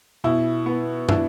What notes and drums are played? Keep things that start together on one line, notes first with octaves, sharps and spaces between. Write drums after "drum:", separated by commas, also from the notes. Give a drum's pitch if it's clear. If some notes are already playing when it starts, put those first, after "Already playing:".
B2 E4
B3
D4 E4, drum: tom